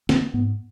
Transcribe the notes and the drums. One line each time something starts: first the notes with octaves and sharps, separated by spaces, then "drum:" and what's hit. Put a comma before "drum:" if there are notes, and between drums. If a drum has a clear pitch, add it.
C4, drum: snare
G#2 B3